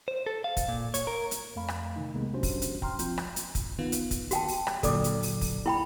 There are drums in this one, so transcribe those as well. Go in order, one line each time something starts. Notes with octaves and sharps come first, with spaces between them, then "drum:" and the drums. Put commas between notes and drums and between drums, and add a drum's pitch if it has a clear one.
C5
A4
F5
drum: kick, hi-hat
A#2
C#5, drum: hi-hat
A#4
drum: hi-hat
F2 A3 F5 B5
drum: rim click
C3 D#3 D#4
C2 C3 D#3 G#3 A#3 B3
F#3 C#4 D4 F#4 G4 C5
drum: kick, open hi-hat
drum: hi-hat
G5 A#5 C6 F6, drum: kick
A#1 F3 C4 F4 G6, drum: hi-hat
drum: rim click
drum: hi-hat
drum: kick, hi-hat
D#3 B3 F4
drum: hi-hat
drum: kick, hi-hat
F#4 G5 A5, drum: hi-hat
drum: open hi-hat
drum: rim click
A#2 D3 F#3 A4 D5 D6, drum: kick, hi-hat
drum: hi-hat
drum: open hi-hat
drum: kick, open hi-hat
E4 G5 B5